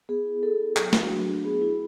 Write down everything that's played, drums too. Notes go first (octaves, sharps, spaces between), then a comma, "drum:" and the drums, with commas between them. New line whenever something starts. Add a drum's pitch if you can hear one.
B3 G#4
E4
B3 A4
E4
F#3, drum: clap
A3 D4 F#4, drum: snare
F#3
A3 D4 F#4
B3 G#4
E4